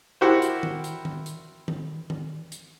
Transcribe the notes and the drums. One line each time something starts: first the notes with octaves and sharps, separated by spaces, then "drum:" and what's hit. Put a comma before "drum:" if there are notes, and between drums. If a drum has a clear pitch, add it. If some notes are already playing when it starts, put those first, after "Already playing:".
E4 F#4 G4 A#4 C5
drum: hi-hat
drum: tom D#3
drum: hi-hat
drum: tom D#3
drum: hi-hat
drum: tom D#3
drum: tom D#3
drum: hi-hat